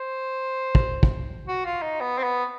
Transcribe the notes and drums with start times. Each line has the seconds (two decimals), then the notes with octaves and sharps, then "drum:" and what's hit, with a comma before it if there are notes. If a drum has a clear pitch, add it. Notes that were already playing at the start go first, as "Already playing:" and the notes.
Already playing: C5
0.75 drum: kick
1.03 drum: kick
1.48 F#4
1.65 F4
1.82 D#4
2.00 B3
2.18 C4
2.23 B3